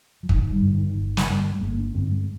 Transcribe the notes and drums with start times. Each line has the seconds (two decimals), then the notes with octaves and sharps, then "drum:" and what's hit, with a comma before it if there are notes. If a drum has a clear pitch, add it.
0.23 F3
0.29 G1 D#3, drum: kick
0.51 G3
0.62 G2 D3
0.74 D#3
0.95 G1 D#3
1.17 drum: snare
1.28 G2 D3
1.55 G#3
1.61 G1 A#3
1.78 D4
1.94 G2 D3 C4
2.11 G#3